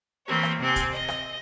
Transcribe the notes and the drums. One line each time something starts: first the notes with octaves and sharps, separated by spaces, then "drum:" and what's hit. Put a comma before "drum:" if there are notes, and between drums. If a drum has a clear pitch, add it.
E3 A#3 C4 C#5
drum: rim click
C3 C4 G#5
drum: kick, hi-hat
D#5
drum: rim click